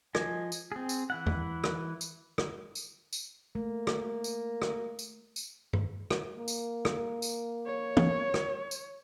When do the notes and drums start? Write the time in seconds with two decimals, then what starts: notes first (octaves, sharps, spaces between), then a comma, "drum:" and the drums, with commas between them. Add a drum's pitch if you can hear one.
0.15 F3 D#5 G#5, drum: rim click
0.52 drum: tambourine
0.72 C4 G#4
0.89 drum: tambourine
1.10 E3 E4 F#5
1.26 drum: tom E2
1.64 drum: rim click
2.01 drum: tambourine
2.38 drum: rim click
2.75 drum: tambourine
3.13 drum: tambourine
3.55 A3 A#3
3.87 drum: rim click
4.24 drum: tambourine
4.62 drum: rim click
4.99 drum: tambourine
5.36 drum: tambourine
5.73 drum: tom G2
6.10 drum: rim click
6.39 A#3
6.48 drum: tambourine
6.85 drum: rim click
7.22 drum: tambourine
7.66 C#5
7.97 drum: tom
8.34 drum: rim click
8.71 drum: tambourine